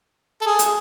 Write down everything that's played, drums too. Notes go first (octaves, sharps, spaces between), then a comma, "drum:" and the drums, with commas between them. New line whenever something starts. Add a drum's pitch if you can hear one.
A4
G#4
drum: hi-hat